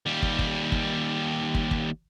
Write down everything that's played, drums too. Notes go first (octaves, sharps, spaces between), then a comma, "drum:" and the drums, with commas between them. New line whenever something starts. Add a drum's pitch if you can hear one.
D#2 G3
drum: kick
drum: kick
drum: kick
drum: kick
drum: kick